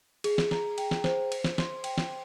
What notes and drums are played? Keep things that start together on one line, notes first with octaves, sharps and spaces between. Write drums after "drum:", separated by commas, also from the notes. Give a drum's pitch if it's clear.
G#4, drum: cymbal
drum: snare
A#5, drum: snare
G5, drum: cymbal
drum: snare
C5, drum: snare
C5, drum: cymbal
drum: snare
C6, drum: snare
G5, drum: cymbal
drum: snare